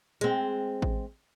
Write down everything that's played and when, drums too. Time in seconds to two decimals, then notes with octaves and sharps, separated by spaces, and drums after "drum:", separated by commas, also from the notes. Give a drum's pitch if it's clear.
0.21 G#3 C4, drum: hi-hat
0.82 drum: kick A1